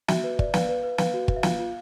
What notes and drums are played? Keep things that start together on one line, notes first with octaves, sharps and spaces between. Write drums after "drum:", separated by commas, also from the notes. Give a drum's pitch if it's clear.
F#4 E5, drum: snare
B4
D5, drum: kick
B4 F5, drum: snare
B4
B4
B4 F5, drum: snare
F#4
B4, drum: kick
E5
F4 F5, drum: snare
F4